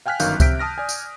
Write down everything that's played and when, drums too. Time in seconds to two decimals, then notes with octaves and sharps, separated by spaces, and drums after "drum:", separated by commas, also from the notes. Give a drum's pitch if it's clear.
0.06 F5 G5 G#5 F6 F#6 B6
0.20 G1 F#2 D#3 F5 G6, drum: tambourine
0.40 C3 E5 G6 B6 D7, drum: kick C#2, tambourine
0.59 A5 D#6 F6 A#6
0.78 D5 G#5
0.89 drum: tambourine